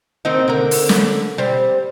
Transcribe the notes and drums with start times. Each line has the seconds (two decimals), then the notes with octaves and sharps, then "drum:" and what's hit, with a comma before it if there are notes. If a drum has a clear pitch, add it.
0.25 D#3 C4 D#4
0.48 D3 A#4
0.71 drum: open hi-hat
0.89 drum: snare
1.38 G3 C4